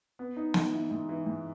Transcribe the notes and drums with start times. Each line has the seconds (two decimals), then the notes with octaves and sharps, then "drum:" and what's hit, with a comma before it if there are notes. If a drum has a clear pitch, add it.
0.19 B3
0.37 D#4
0.54 D#4, drum: snare
0.73 E3
0.91 G#2
1.09 E3
1.26 G#2